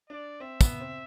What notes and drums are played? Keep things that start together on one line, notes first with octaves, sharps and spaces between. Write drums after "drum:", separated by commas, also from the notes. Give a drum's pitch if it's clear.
D4 D5
C4 E5
B3, drum: kick, tambourine
C4